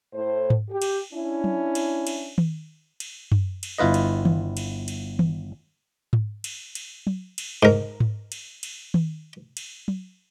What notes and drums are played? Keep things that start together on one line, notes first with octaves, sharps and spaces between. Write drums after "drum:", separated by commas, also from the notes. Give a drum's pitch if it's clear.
A2 C5
drum: tom G#2
G4
drum: cymbal
C#4 D4 E4
drum: tom F#3
drum: cymbal
drum: cymbal
drum: tom D#3
drum: cymbal
drum: tom F#2
drum: cymbal
G1 E4 F4 B4 D#5
drum: cymbal
drum: tom D#3
drum: cymbal
drum: cymbal
drum: tom D#3
drum: tom G#2
drum: cymbal
drum: cymbal
drum: tom F#3
drum: cymbal
G#2 A#4
drum: tom G#2
drum: cymbal
drum: cymbal
drum: tom D#3
drum: cymbal
drum: tom F#3